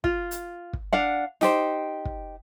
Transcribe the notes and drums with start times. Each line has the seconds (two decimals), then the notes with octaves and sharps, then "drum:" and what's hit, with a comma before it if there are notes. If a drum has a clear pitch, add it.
0.04 F4, drum: kick
0.31 drum: hi-hat
0.73 drum: kick
0.93 D4 F5 F#5
1.41 D#4 G4 C5, drum: snare
2.05 drum: kick